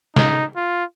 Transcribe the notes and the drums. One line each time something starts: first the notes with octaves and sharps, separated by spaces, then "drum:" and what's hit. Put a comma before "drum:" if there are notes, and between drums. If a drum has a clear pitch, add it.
D#4, drum: snare
F4